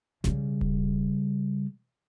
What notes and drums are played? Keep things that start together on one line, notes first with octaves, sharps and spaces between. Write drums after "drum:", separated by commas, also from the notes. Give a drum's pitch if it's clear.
C#3 G3, drum: snare
drum: kick D1